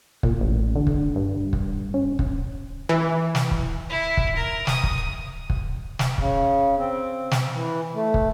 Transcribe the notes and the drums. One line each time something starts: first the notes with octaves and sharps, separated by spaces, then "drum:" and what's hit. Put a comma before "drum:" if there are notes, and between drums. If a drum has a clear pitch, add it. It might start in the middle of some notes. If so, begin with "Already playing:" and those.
A#2, drum: kick
A1
D3
drum: kick
G2
drum: kick
C#4
drum: kick
E3
drum: snare
drum: kick
E4
drum: kick
A#4
D#6, drum: snare
drum: kick
drum: kick
drum: snare
C#3, drum: kick
C4
drum: snare
E3
A3
drum: kick